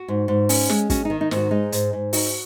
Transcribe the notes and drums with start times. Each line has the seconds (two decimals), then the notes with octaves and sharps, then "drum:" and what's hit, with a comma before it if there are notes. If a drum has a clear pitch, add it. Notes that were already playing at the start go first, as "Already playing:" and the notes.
Already playing: F#4
0.08 G#2
0.28 G#2
0.49 C#4, drum: open hi-hat
0.69 G#3, drum: snare
0.90 C#4 F#4, drum: kick, hi-hat
1.05 D#3 D#4
1.21 D#4
1.31 G#2 D#4, drum: snare
1.36 F#4
1.51 G#3 D#4
1.72 G#2, drum: hi-hat
1.93 G#2
2.13 D#4 F#4, drum: open hi-hat